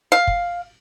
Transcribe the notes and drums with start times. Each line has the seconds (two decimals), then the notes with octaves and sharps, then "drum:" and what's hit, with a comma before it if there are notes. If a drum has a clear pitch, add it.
0.12 F5
0.27 drum: kick